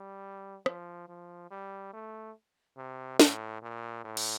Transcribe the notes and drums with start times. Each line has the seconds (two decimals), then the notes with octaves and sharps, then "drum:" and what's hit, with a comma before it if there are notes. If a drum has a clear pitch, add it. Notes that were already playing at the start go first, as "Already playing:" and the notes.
Already playing: G3
0.66 F3, drum: rim click
1.08 F3
1.51 G3
1.93 A3
2.77 C3
3.20 A2, drum: snare
3.62 A#2
4.05 A2
4.17 drum: cymbal